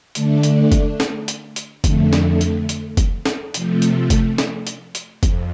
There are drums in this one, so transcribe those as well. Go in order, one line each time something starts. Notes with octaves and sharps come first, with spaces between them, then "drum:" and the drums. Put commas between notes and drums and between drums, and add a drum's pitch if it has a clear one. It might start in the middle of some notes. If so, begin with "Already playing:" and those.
D3 A3 D4, drum: hi-hat
drum: hi-hat
drum: kick, hi-hat
drum: snare
drum: hi-hat
drum: hi-hat
F2 D3 A3, drum: kick, hi-hat
drum: snare
drum: hi-hat
drum: hi-hat
drum: kick, hi-hat
drum: snare
C3 F3 A3, drum: hi-hat
drum: hi-hat
drum: kick, hi-hat
drum: snare
drum: hi-hat
drum: hi-hat
F2, drum: kick, hi-hat